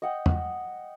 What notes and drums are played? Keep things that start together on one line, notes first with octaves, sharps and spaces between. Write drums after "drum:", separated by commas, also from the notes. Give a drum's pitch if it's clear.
D#5 F#5 G5
drum: tom